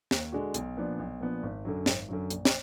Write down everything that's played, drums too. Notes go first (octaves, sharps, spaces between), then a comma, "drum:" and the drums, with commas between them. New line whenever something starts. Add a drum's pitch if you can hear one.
D#2, drum: snare
D3 G#3 D4 F#4
B1, drum: hi-hat
A#2 F3 B3 D4
B1
A#2 F3 B3 D4
G#1
F#2 D3 F#3
G#1, drum: snare
F#2 D3 F#3
A#1, drum: hi-hat
drum: snare